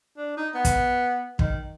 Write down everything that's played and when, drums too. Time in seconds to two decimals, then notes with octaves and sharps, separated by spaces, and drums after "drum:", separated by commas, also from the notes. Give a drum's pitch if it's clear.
0.17 D4
0.37 D#4
0.54 B3
0.65 drum: kick, hi-hat
1.39 D#3, drum: kick